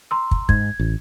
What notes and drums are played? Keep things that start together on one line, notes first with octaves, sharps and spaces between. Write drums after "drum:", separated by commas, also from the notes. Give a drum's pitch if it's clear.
A#5 C6 E6
drum: kick
G#2 G#6, drum: kick
A1